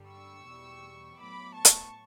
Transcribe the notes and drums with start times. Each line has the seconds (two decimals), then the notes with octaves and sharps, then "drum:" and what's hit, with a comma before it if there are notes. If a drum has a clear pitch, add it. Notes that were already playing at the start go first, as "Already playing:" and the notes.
Already playing: G2 D3 G3
0.09 C#6 E6
0.45 E2 B2 G3
1.18 A2 F#3 B3 B5 D6
1.54 A5 C#6
1.65 drum: hi-hat